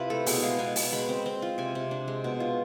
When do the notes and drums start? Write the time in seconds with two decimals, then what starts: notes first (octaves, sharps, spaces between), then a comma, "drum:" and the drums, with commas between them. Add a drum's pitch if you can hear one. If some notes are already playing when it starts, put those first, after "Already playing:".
Already playing: C3 E4 F4 B4
0.10 A3 A4
0.26 B2 G#4, drum: open hi-hat
0.42 G#3 F5
0.59 B2 G#5
0.76 B2 A5, drum: open hi-hat
0.93 G#3 B5
1.09 C4
1.26 C4
1.42 F4
1.58 C3 G#5
1.75 C3
1.91 D4
2.08 G#3
2.24 B2
2.40 F4